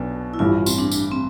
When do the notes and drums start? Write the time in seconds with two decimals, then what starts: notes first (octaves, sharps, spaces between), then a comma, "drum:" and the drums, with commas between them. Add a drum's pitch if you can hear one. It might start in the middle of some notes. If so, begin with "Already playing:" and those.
Already playing: B1 B2 B3 D4
0.34 E4
0.39 A1 G2 E3 F4
0.66 C4, drum: tambourine
0.78 D4
0.91 drum: tambourine
1.11 C4